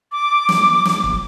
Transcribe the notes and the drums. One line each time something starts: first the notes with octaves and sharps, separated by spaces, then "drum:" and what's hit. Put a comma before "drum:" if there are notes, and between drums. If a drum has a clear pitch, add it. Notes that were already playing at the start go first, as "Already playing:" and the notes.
D6
drum: snare
drum: snare
drum: kick